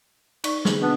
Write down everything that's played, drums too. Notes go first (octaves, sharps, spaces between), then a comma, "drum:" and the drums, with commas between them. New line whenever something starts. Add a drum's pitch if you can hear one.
D#4 D5 C#6, drum: cymbal
D3 A#3 G#4, drum: snare
B2 B3 D4